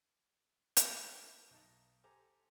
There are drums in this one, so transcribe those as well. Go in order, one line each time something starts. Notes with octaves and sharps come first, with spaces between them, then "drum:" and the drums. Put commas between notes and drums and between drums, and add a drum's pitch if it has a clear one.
drum: hi-hat
E4 A4 F#5
B1 D#4 A5
G4 A4 C5 G#5 A#5 D6